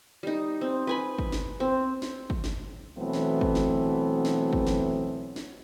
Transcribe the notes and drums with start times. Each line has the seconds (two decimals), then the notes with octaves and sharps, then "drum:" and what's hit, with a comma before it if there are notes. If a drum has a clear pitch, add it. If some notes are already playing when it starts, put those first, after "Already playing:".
0.23 G3 D#4
0.61 C4
0.87 B4 G#5 B5
1.18 drum: kick
1.32 drum: snare
1.60 C4
2.02 drum: snare
2.30 drum: kick
2.44 drum: snare
2.97 B2 E3 F#3 A3 B3 C4
3.13 drum: snare
3.41 drum: kick
3.55 drum: snare
4.25 drum: snare
4.53 drum: kick
4.67 drum: snare
5.36 drum: snare